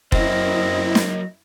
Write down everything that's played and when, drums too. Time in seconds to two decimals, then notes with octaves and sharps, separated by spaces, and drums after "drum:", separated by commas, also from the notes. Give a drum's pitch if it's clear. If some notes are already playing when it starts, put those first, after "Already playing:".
0.12 F#2 F#3 A#3 C4 E4 D#5, drum: kick F1
0.95 drum: snare